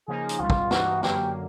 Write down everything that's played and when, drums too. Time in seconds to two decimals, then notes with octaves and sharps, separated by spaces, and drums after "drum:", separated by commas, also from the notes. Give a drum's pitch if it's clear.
0.08 C#3 F3 A#3 D#4 G#4
0.29 drum: hi-hat
0.39 C#2 B2 G3 F4
0.50 drum: kick
0.71 G2 E3 G3 A#3 D#4 F#4, drum: snare
1.03 F#2 D3 F#3 A#3 G4, drum: snare